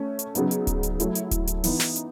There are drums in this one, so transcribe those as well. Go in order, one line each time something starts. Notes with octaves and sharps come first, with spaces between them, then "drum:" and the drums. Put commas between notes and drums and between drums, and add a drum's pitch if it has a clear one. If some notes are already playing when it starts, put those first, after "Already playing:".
Already playing: A3 C#4
drum: hi-hat
C#3 F#3 B3 D#4, drum: hi-hat
drum: hi-hat
drum: kick D1, hi-hat
drum: hi-hat
F#3 A3 E4, drum: hi-hat
drum: hi-hat
drum: kick D1, hi-hat
drum: hi-hat
E3 B3 D#4, drum: open hi-hat
drum: snare
drum: hi-hat